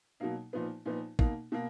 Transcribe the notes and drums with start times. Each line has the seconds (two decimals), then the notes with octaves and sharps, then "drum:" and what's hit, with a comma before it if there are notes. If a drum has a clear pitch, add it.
0.20 B2 F#3 A#3 D#4
0.53 A#2 F3 B3 D#4
0.86 A#2 F3 B3 D#4
1.19 B2 A#3 D#4, drum: kick
1.52 B2 A#3